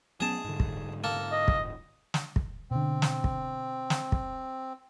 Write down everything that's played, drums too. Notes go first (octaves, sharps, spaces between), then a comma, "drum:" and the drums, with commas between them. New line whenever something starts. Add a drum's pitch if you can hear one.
F#3 B3 C#4 G#4 A5
G#2 D3
drum: kick
A#3 A4
D#5
drum: kick
drum: snare
drum: kick
B2 D3 C4
drum: snare
drum: kick
drum: snare
drum: kick